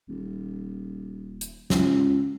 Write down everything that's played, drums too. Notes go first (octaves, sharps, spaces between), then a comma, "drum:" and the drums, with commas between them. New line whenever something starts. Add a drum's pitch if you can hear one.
D#1
drum: hi-hat
C#2, drum: snare